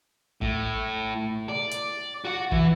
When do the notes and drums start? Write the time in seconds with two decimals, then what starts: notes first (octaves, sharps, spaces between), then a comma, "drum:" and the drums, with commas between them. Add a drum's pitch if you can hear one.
0.41 A2, drum: kick
1.49 D5
1.71 drum: hi-hat
2.25 F#4 F#5
2.51 E3, drum: kick